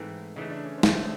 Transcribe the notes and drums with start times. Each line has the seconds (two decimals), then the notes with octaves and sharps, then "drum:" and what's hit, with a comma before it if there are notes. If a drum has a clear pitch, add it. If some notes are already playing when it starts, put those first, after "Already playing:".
Already playing: G#2 E3 A3 C4
0.36 C#3 E3 A3 D#4
0.50 D4
0.64 C#4
0.78 C4 D4
0.83 C#3 E3 A3, drum: snare